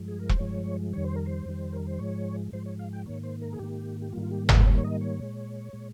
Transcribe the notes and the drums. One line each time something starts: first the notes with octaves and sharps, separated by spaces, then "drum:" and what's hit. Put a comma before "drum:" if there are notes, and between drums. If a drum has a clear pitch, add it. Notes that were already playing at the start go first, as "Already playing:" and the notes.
Already playing: G2 F3 G#3
G#4
A#4
C5, drum: kick E1
G2 F3 G#3 C#5
F2 D#3 G3 C#5
C5
A#4
C5
F2 D#3 G3
A#4
C5
G#2 F3 G#3 C#5
G#2 F3 G#3 C5
C#5
F5
G5
G#2 D#3 A#3 C#5
C5
A#4
G#4
G#2 D#3 A#3 G4
G4
G#2 D#3 G3 A#3 F4
F4
G4
G#4, drum: tom G1
G#2 D#3 G3 A#3 C#5
C#5
D#5
C#5
A#2 G#3
A#2 G#3